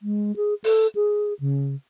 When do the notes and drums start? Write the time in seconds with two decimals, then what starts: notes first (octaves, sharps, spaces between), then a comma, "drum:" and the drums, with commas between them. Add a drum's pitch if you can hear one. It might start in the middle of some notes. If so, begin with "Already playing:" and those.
0.02 G#3
0.36 G#4
0.64 A4, drum: open hi-hat
0.95 G#4
1.40 C#3